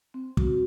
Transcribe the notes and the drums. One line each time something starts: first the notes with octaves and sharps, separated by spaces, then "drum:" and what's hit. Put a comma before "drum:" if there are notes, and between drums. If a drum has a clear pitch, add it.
C4
F#4, drum: kick